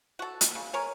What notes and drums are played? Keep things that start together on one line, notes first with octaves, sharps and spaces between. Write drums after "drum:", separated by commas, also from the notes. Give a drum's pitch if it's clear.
F#4 A4
drum: hi-hat
C#3
A#4 C#5 G#5